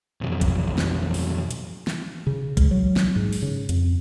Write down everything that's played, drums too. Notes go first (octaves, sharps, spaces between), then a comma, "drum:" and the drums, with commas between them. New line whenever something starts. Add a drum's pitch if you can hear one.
B1 F2
drum: kick, hi-hat
drum: snare
drum: open hi-hat
drum: hi-hat
drum: snare
C#3
C#2, drum: kick, hi-hat
F#3
drum: snare
G#2
drum: open hi-hat
C#3
F2, drum: hi-hat